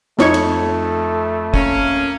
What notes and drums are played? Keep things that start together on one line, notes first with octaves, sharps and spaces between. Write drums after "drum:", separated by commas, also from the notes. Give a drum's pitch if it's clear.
F2 A3 D#4 C#5 C#6, drum: snare
drum: cymbal
A#3 C#4, drum: kick